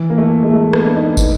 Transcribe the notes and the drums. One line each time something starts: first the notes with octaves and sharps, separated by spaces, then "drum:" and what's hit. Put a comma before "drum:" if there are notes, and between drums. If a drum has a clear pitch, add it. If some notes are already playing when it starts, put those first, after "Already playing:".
Already playing: E3
A#3
A3
G#3
A3
B3, drum: rim click
D4
D#4
D#4, drum: kick, tambourine